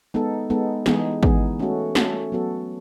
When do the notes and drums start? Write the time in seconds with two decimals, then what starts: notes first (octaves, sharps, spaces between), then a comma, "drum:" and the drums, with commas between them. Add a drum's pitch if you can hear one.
0.14 G#3 B3 D#4 A4
0.50 G#3 B3 D#4 A4
0.86 E3 G#3 B3 D#4 G#4, drum: snare
1.23 E3 G#3 B3 D#4 G#4, drum: kick
1.59 A3 C#4 F#4 A4
1.95 A3 C#4 F#4 A4, drum: snare
2.32 F#3 B3 F#4 A4